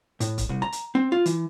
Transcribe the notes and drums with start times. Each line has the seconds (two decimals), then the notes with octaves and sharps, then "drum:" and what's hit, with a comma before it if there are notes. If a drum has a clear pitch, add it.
0.20 A2, drum: hi-hat
0.38 drum: kick, hi-hat
0.49 C2
0.62 A#5
0.72 drum: hi-hat
0.95 C4
1.12 F4
1.26 E3, drum: hi-hat